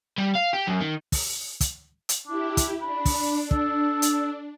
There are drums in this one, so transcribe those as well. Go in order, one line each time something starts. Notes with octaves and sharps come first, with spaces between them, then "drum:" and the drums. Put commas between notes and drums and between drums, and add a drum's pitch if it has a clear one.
G3
F5
G4
F#2
D#3
drum: kick, open hi-hat
drum: kick, hi-hat
drum: hi-hat
D4 E4 G4
drum: kick, hi-hat
D4 B5
drum: kick, open hi-hat
A4, drum: kick
drum: hi-hat